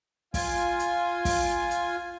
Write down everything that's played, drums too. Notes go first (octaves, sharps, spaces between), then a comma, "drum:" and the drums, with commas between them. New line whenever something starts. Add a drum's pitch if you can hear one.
F4 G#5, drum: kick, open hi-hat
drum: hi-hat
drum: kick, open hi-hat
drum: hi-hat